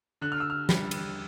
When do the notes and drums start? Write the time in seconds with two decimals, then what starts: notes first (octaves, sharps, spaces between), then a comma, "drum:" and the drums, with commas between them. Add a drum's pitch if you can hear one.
0.21 D3 F#6
0.32 F6
0.40 E6
0.50 F6
0.69 G3, drum: snare
0.91 drum: cymbal